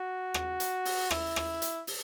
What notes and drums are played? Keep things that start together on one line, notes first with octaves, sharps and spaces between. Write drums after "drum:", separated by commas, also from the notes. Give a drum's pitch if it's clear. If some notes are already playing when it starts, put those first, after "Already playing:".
Already playing: F#4
drum: rim click
drum: hi-hat
drum: open hi-hat
E4, drum: rim click
drum: rim click
drum: hi-hat
drum: open hi-hat